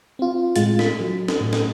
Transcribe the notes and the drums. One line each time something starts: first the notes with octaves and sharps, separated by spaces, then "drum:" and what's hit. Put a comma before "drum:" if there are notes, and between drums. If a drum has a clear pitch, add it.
C4 F4
A2 G#3 F4 A6, drum: hi-hat
B6, drum: snare
F#3
drum: snare
A2
drum: snare